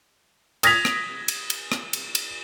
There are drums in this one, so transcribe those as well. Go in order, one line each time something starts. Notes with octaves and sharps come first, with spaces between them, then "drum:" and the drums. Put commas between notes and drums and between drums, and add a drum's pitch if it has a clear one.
D#6 G#6 A#6 B6 F7, drum: cymbal
drum: rim click
drum: cymbal
drum: cymbal
drum: rim click
drum: cymbal
drum: cymbal